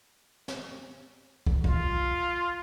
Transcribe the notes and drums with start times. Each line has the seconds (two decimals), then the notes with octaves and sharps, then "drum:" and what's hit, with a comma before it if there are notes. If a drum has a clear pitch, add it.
0.48 drum: snare
1.47 drum: kick
1.64 F4, drum: kick